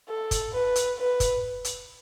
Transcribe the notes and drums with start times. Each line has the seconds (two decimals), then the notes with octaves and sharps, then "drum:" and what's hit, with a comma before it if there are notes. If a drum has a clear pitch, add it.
0.09 A4
0.31 drum: kick, hi-hat
0.53 B4
0.76 drum: hi-hat
0.98 B4
1.20 drum: kick, hi-hat
1.65 drum: hi-hat